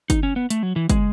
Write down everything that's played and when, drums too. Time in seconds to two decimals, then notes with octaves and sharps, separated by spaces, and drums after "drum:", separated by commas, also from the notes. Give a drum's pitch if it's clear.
0.10 D#4, drum: kick, hi-hat
0.23 C#4
0.36 B3
0.50 A3, drum: hi-hat
0.63 F#3
0.76 E3
0.90 G#3, drum: kick, hi-hat